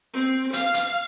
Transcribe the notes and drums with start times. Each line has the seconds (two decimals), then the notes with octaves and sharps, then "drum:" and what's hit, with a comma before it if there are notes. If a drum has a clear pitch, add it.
0.14 C4
0.53 F5, drum: hi-hat
0.74 drum: hi-hat